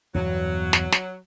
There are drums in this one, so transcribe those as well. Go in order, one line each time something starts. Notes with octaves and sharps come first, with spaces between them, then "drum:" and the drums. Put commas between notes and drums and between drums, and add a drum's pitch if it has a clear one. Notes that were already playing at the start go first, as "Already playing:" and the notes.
E2 G2 B2 F#3
drum: snare
drum: snare